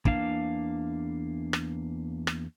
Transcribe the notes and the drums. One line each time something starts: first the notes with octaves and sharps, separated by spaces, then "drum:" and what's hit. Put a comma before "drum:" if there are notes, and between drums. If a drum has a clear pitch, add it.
E2 A#3 D4 F5, drum: kick
drum: rim click
drum: rim click